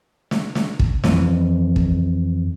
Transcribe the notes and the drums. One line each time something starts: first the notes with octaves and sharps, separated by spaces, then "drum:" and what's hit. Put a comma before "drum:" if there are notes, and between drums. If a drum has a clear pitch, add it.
drum: snare
drum: snare
drum: kick
F2 E3, drum: snare
drum: kick